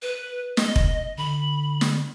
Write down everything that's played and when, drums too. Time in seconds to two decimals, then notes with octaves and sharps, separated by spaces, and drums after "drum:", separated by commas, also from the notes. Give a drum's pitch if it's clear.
0.02 B4
0.57 D#5, drum: snare
0.76 drum: kick F1
1.18 D3 B5
1.81 drum: snare